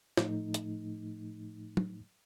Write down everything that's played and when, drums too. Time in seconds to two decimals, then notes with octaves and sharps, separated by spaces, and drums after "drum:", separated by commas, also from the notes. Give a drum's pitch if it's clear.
0.17 A2 F3 A3 D#4, drum: snare
0.54 drum: hi-hat
1.77 drum: tom